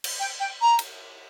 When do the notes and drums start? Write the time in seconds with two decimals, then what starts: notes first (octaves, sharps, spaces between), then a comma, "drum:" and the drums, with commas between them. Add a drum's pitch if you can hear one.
0.04 drum: cymbal
0.20 G5
0.40 G5
0.61 A#5
0.79 drum: cymbal